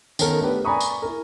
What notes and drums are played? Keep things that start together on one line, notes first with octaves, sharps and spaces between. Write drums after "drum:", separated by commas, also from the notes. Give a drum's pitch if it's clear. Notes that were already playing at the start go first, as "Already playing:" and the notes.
D#3 B3 C#4 A4 A#4, drum: tambourine
A3 B3 D4 G4 B4
D5 G#5 A#5 B5 C#6 D#6
drum: tambourine
E4 A#4